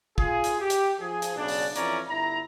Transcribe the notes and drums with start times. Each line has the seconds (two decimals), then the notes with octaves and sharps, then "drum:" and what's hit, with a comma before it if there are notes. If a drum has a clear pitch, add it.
0.18 F4 G#4, drum: kick
0.44 drum: hi-hat
0.60 G4
0.70 drum: hi-hat
1.00 F3 G#4
1.22 drum: hi-hat
1.37 B1 C#3 D4
1.48 drum: open hi-hat
1.76 F2 E3 C#4 D5 A#5, drum: hi-hat
2.08 G1 E4 A#5